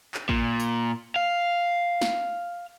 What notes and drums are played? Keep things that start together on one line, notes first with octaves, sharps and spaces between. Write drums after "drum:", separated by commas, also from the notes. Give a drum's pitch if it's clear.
drum: clap
A#2, drum: kick
drum: tambourine
F5
drum: snare